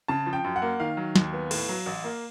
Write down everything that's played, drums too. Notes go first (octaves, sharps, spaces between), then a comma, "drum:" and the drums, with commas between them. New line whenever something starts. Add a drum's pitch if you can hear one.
C#3 A5
F3
G5
F#2
F#5
A#3
D#3 F5
F#3
D#2, drum: snare
B3
A2, drum: cymbal
F#3
A1
A#3